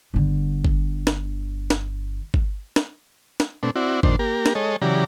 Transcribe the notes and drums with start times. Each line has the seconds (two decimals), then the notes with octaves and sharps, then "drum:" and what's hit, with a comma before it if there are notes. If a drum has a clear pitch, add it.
0.14 G1 D3
0.65 drum: kick G1
1.07 drum: snare
1.70 drum: snare
2.34 drum: kick G1
2.76 drum: snare
3.40 drum: snare
3.63 B2 A3 C4 D4
3.76 C4 E4 F#4 D5
4.03 F2 A#2 D#3 D4 C5, drum: kick G1
4.19 A#3 G4 A#4
4.46 drum: snare
4.55 G#3 A4 C#5 D#5
4.82 C#3 E3 F#3 G4 D5 A#5